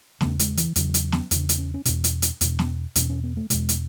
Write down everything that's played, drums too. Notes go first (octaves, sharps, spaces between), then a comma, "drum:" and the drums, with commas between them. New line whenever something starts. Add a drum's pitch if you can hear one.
E2 C#3 A3, drum: snare
G#3, drum: hi-hat
E3, drum: hi-hat
E2 C#3 F#3, drum: hi-hat
drum: hi-hat
drum: snare
E2 C#3 D4, drum: hi-hat
drum: hi-hat
C#4
C#4
E2 B2 D4, drum: hi-hat
drum: hi-hat
drum: hi-hat
E2 B2, drum: hi-hat
drum: snare
E2 B2 C#4, drum: hi-hat
C#4
B3
A3
E2 B2 G#3, drum: hi-hat
drum: hi-hat